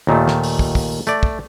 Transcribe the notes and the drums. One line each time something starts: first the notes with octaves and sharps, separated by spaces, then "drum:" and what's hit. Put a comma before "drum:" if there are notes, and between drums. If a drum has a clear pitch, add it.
D#2 A#2 D#3 A3
drum: snare
drum: open hi-hat
drum: kick
drum: kick, open hi-hat
A3 D5, drum: hi-hat
drum: kick